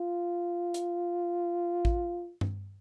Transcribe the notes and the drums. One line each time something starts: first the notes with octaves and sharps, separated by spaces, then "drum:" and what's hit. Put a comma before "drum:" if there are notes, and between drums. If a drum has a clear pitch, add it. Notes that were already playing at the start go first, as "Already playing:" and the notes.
Already playing: F4
drum: hi-hat
drum: kick A1
drum: tom G2